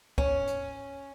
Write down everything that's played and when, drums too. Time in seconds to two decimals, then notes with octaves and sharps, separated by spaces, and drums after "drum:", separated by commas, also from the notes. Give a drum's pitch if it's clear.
0.18 C#4, drum: kick
0.47 drum: hi-hat